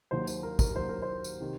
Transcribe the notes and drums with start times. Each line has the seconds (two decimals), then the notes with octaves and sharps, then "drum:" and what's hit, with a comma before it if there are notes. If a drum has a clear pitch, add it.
0.11 D#2 D#3 F#3 C5
0.27 C5, drum: tambourine
0.43 A#4
0.59 A#4, drum: kick, tambourine
0.76 D#2 D#3 F#3 C5
0.89 A#4
1.02 C5
1.24 drum: tambourine
1.40 C3 D#3